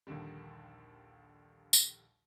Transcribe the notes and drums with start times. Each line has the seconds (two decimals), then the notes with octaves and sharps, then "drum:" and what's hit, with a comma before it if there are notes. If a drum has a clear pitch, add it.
0.07 A#1 D#2 D3 D#3 G3
1.73 drum: tambourine